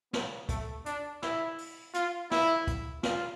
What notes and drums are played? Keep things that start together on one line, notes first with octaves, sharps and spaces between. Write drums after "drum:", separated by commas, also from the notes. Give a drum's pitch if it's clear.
B3, drum: snare
A3, drum: kick, hi-hat
D4, drum: hi-hat
E4, drum: snare
drum: open hi-hat
F4, drum: hi-hat
E4, drum: snare
drum: kick, hi-hat
F4, drum: snare